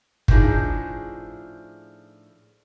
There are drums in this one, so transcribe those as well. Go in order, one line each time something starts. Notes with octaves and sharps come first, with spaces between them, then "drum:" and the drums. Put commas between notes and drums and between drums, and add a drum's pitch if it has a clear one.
A2 F3 C4 D4 D#4 G#4, drum: kick